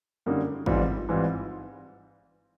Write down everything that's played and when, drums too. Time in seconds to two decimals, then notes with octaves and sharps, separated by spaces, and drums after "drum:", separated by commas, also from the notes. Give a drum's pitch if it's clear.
0.26 F#2 D3 G3 A#3 D#4
0.66 G#2 E3 G3 C4 F4, drum: kick
1.09 G#2 E3 G3 C4 F4